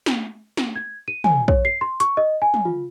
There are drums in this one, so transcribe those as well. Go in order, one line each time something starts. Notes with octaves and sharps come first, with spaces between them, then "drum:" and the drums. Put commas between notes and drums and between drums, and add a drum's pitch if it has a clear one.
drum: snare
drum: snare
G#6
D#7
G#5, drum: tom
C#5, drum: kick
C7
C6
C#6, drum: hi-hat
D#5
G#5
drum: tom
F4